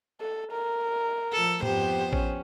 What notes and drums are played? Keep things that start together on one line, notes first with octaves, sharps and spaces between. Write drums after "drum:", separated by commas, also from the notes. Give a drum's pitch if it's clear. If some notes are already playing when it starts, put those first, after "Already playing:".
A4
A#4
F3 A4
F2 B3 G4 C5, drum: tom G#2
C#4, drum: kick A1